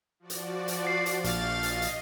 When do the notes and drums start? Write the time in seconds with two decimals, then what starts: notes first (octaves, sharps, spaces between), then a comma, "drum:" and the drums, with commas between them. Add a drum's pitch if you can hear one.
0.20 F3 F#4 D5
0.30 drum: hi-hat
0.68 drum: hi-hat
0.87 C7
1.06 drum: hi-hat
1.24 A#1 F5 C#6 G6 A6, drum: hi-hat
1.53 D#5
1.63 drum: hi-hat
1.82 drum: hi-hat